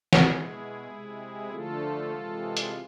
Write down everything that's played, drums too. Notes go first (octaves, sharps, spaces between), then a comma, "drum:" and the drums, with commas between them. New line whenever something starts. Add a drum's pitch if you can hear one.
drum: snare
B2 G#3 E4 G#4
C3 G#3
D3 F3 A3 F4 A4
C3 E3 G#3
drum: hi-hat